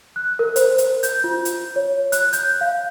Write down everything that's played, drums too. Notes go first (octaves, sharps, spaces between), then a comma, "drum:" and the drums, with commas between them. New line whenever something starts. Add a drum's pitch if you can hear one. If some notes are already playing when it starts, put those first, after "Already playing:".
F#6
A#4
C5, drum: hi-hat
drum: hi-hat
G6, drum: hi-hat
F4
drum: hi-hat
C#5
F#6, drum: hi-hat
G6, drum: hi-hat
F5